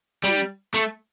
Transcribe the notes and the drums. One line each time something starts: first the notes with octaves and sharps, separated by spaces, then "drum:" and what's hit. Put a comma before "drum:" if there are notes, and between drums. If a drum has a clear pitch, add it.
G3, drum: tom
A3